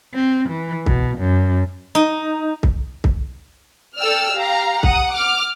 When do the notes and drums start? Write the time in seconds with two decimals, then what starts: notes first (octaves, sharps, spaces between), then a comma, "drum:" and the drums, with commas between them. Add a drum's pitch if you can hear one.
0.14 C4
0.49 E3
0.86 B2, drum: kick C2
1.19 F#2
1.95 D#4
2.63 drum: kick C2
3.04 drum: kick C2
3.98 A4 D5 G5 E6 F6
4.37 G4 F5 A#5
4.83 F#5 D#6, drum: kick C2
5.14 D6 F6